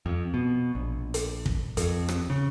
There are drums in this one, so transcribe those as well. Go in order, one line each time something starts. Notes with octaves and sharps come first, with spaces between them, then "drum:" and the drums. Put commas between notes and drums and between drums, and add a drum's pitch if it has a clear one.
F2
B2
A#1
drum: hi-hat
drum: kick
F2, drum: hi-hat
drum: rim click
C#3